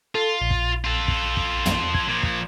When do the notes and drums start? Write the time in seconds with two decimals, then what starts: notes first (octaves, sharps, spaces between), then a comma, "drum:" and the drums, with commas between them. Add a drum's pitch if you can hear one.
0.15 F4 A4
0.41 A#1
0.51 drum: kick
0.84 F4 A4
1.08 drum: kick
1.37 drum: kick
1.66 drum: tom
1.94 G#6, drum: kick
2.08 A#2 F3
2.23 drum: kick